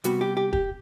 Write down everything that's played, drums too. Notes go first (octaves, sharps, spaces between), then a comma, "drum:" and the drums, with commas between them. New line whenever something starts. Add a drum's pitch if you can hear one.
C3 G3 B3 F#4, drum: hi-hat
G4
G4
G4, drum: kick E1